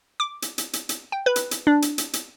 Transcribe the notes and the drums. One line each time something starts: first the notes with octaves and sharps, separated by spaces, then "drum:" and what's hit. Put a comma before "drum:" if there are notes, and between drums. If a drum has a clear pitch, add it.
D6
drum: hi-hat
drum: hi-hat
drum: hi-hat
drum: hi-hat
G5
B4
drum: hi-hat
drum: hi-hat
D4
drum: hi-hat
drum: hi-hat
drum: hi-hat